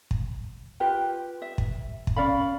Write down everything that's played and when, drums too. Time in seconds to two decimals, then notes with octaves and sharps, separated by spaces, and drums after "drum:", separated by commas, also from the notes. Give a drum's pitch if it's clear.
0.11 drum: kick
0.80 F4 G4 B4 G5
1.42 E5
1.58 drum: kick
2.07 drum: kick
2.16 C#4 D5 F5 B5